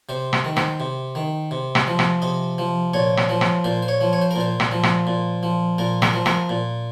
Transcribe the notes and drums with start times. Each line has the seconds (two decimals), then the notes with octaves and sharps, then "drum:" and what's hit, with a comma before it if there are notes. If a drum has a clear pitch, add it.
0.09 C3 C5
0.33 drum: rim click
0.45 D#3
0.57 C5, drum: rim click
0.80 C3
1.15 D#3
1.51 C3
1.75 drum: rim click
1.87 F3
1.99 drum: rim click
2.22 C3 D#5
2.58 F3
2.94 A#2 C#5
3.17 drum: rim click
3.29 F3
3.41 drum: rim click
3.64 A#2 C5
3.82 C5
3.88 C#5
4.01 F3
4.13 C#5
4.22 C5
4.31 A#4
4.36 A#2 C5
4.60 drum: rim click
4.72 F3
4.83 drum: rim click
5.07 A#2
5.43 F3
5.78 A#2 A#4
6.02 A#4, drum: rim click
6.14 F3
6.26 A#4, drum: rim click
6.49 A#2